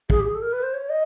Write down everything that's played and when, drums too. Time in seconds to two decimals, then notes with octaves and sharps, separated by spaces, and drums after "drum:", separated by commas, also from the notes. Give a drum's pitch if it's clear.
0.10 G#4, drum: kick
0.19 G4
0.26 G#4
0.35 A4
0.41 A#4
0.53 B4
0.63 C5
0.74 C#5
0.89 D#5